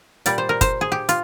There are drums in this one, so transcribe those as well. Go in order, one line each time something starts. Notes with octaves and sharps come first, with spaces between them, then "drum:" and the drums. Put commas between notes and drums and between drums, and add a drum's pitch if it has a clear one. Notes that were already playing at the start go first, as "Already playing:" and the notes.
A#2 G3 D5, drum: hi-hat
C5
A#4
C5, drum: kick, hi-hat
G#4
G4
F4, drum: hi-hat